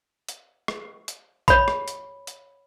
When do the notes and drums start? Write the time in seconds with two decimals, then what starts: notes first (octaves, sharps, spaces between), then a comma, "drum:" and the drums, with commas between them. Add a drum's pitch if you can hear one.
0.28 drum: hi-hat
0.68 drum: rim click
1.08 drum: hi-hat
1.48 C#5 B5, drum: kick A#1, hi-hat
1.68 drum: rim click
1.88 drum: hi-hat
2.27 drum: hi-hat